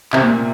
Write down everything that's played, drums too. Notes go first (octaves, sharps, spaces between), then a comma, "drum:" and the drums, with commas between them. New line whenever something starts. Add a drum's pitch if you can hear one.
C3, drum: clap
A#2